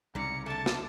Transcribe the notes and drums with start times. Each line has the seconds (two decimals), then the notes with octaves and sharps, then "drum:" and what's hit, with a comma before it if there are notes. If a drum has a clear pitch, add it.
0.15 C2 G#2 C#3 D5 A#5 C#7
0.46 D3 A3 A5 D6 A6
0.66 drum: snare